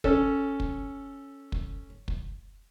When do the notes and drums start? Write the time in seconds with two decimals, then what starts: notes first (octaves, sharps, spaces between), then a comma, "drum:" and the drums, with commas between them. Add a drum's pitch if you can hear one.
0.04 C#4 A4, drum: kick
0.60 drum: kick
1.52 drum: kick
2.08 drum: kick